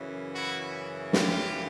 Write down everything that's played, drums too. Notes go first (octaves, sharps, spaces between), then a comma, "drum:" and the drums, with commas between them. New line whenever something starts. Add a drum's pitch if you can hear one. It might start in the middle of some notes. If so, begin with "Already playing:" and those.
Already playing: F#2 C#3 E3
E4 F#4
F4 G4, drum: snare